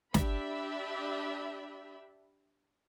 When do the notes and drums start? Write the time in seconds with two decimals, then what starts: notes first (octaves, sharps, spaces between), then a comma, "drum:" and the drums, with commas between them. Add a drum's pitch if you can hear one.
0.14 D4 G4 E5 B5, drum: snare